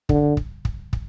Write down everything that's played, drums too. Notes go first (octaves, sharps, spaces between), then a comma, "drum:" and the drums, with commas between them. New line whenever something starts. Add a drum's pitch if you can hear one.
D3, drum: kick
drum: kick
drum: kick
drum: kick